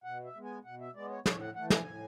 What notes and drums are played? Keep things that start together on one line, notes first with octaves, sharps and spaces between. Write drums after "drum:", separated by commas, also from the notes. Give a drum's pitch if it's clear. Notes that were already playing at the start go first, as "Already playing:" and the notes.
B2 F#5
E5
G#3 B3
G#5
B2 F#5
E5
G#3 B3 D5
C#5
A2 C#5, drum: snare
F#5
E3 A3 F#5
G#5, drum: snare
A2